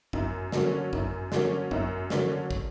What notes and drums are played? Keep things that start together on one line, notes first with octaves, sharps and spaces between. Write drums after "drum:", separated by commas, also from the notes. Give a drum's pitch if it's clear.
F#2, drum: kick
D3 F#3 A#3 C#4, drum: snare
F#2, drum: kick
D3 F#3 A#3 C#4, drum: snare
F#2, drum: kick
D3 F#3 A#3 C#4, drum: snare
drum: kick